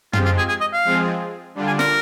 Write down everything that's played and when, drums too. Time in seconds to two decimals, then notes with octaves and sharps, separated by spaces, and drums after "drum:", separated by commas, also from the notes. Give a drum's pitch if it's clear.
0.13 F3 G#3 C4 F4 G4, drum: tom
0.25 F4
0.38 G#4
0.49 G#4
0.61 D#5
0.73 F5
0.84 F3 G#3 C4 F4 G#4
1.55 D3 G3 D4 F4
1.67 G#5
1.79 A#4, drum: snare